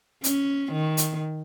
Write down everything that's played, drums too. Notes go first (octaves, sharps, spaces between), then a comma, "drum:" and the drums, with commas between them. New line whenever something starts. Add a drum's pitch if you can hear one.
C#4, drum: hi-hat
D#3
drum: hi-hat